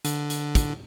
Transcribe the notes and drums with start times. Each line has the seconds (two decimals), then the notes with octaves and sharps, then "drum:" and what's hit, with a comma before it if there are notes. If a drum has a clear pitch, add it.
0.05 D3, drum: hi-hat
0.30 drum: hi-hat
0.55 drum: kick, hi-hat